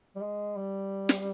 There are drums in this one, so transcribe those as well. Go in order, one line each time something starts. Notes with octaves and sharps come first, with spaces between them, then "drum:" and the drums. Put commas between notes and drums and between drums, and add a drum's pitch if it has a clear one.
G3
G#3
G3
drum: snare